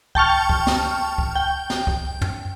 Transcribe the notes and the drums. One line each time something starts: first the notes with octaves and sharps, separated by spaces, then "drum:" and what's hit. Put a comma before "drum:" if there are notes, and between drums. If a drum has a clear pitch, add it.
G5 A5 C#6 F6, drum: kick C#2
drum: kick C#2
drum: snare
drum: kick C#2
G5
drum: snare
drum: kick C#2
drum: tom